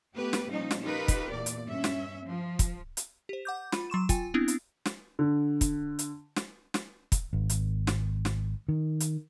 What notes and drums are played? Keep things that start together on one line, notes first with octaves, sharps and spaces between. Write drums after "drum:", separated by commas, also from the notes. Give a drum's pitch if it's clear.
A3 B3 G4 B4
drum: snare
A#2 F3 G3 C#4 D#4
drum: snare
D#4 F4 G4 A#4 B4
drum: kick, hi-hat
E2 A#2 D5
drum: hi-hat
G2 C#4 E5
drum: snare
F3
drum: kick, hi-hat
drum: hi-hat
G4 C5
F#5 D6 G6
F4 B5, drum: snare
F#3 C6 C#6 E7
F4 G5 G#5, drum: kick, hi-hat
B3 C4 D4 E4
drum: hi-hat
drum: snare
D3
drum: kick, hi-hat
drum: hi-hat
drum: snare
drum: snare
drum: kick, hi-hat
G#1
drum: hi-hat
drum: snare
drum: snare
D#3
drum: hi-hat